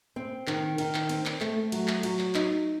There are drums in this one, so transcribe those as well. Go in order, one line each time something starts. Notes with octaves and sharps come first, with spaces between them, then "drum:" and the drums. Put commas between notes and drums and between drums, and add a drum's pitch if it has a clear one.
C4
D#3, drum: clap
D#3, drum: cymbal
drum: clap
C4, drum: cymbal
drum: clap
A3, drum: clap
F#3, drum: cymbal
drum: clap
F#3, drum: cymbal
drum: clap
D#4, drum: clap